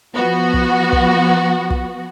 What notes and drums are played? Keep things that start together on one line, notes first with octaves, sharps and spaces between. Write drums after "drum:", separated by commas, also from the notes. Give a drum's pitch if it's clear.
F3 B3 F#4
drum: kick
drum: kick
drum: kick